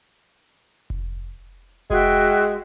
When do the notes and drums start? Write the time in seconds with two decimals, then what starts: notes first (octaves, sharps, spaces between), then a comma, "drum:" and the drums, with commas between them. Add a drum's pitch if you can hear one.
0.90 drum: kick F1
1.90 G#3 F#4 E5 G5, drum: kick F1